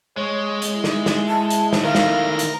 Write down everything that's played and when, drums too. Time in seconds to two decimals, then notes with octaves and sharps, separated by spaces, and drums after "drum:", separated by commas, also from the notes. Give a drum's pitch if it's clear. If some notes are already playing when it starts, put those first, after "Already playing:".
0.17 G#3 C#5
0.62 drum: hi-hat
0.72 E4
0.84 drum: snare
1.06 drum: snare
1.28 A5
1.50 drum: hi-hat
1.73 drum: snare
1.84 D#3 A3 A#4 F5
1.95 drum: snare
2.39 drum: hi-hat